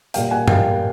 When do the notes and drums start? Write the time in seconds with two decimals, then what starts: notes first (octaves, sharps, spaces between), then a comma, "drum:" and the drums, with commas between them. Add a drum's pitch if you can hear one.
0.14 A#2 G3 A#3 F5 G5, drum: hi-hat
0.31 F#5 G#5
0.48 A#2 G3 A#3 F5 G5, drum: tom G2